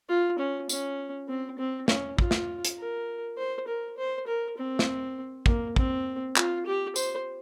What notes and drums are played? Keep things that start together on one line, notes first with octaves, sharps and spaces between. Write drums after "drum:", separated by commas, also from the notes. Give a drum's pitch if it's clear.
F4
C#4
C#4, drum: tambourine
C4
C4
C#4, drum: snare
F4, drum: kick
drum: snare
drum: hi-hat
A#4
C5
A#4
C5
A#4
C4
drum: snare
A#3, drum: kick
C4, drum: kick
F4, drum: clap
G4
C5, drum: tambourine